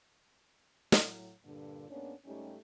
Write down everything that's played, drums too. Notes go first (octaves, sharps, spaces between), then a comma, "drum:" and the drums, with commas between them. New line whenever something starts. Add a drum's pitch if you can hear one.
A2 F#3, drum: snare
G2 A#2 D3
G#2 A#3 B3 C#4 D4 C#5
G#2 G3 A3 C#4 D#4 G4